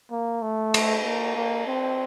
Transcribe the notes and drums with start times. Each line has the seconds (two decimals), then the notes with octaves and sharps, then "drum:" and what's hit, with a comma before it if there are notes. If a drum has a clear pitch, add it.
0.11 A#3
0.42 A3
0.74 drum: cymbal
1.04 A#3
1.35 A#3
1.67 C4